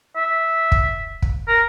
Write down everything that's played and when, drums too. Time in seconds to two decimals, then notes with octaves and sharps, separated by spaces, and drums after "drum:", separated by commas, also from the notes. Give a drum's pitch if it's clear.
0.16 E5
0.72 drum: kick
1.22 drum: kick
1.48 A#4